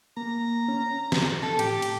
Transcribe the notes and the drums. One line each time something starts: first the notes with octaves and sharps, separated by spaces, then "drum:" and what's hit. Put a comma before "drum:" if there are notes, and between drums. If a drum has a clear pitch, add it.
A#3 A#5
C#4
drum: snare
A4
A2 G4, drum: cymbal
drum: cymbal